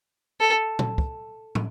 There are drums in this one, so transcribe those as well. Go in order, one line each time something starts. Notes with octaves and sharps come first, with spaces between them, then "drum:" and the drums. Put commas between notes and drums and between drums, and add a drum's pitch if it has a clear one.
A4
drum: tom A#2
drum: kick
drum: tom